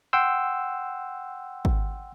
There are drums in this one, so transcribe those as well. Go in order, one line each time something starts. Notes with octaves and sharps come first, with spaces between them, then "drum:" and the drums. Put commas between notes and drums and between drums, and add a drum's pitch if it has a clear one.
F#5 G5 C6 E6
drum: kick G#1